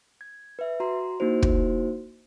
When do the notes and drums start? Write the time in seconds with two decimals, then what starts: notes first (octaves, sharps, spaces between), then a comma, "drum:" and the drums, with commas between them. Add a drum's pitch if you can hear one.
0.21 G#6
0.59 B4 E5
0.80 F#4 A#5 C6
1.20 A#3 D#4 E4 F#4 C5
1.42 drum: kick